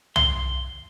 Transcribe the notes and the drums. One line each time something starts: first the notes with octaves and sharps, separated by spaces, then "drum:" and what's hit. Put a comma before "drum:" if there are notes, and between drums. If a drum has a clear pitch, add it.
C6, drum: tom